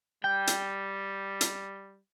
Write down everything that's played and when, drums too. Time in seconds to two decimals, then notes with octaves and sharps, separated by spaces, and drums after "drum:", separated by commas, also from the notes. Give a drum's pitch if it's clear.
0.24 G3 G5
0.47 drum: hi-hat
1.41 drum: hi-hat